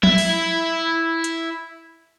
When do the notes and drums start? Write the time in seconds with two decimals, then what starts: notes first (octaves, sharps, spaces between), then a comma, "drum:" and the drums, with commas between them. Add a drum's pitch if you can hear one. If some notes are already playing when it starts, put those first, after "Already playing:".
0.03 E4 E5, drum: tom
0.18 drum: cymbal
1.24 drum: hi-hat